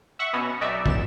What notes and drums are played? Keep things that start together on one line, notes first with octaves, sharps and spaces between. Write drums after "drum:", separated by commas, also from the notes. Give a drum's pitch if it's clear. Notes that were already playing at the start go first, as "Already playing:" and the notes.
E5 F#5 C#6
B2 B3 C#4 F#4
B1 D#4 F#4 D5 E5
C#2 E7, drum: kick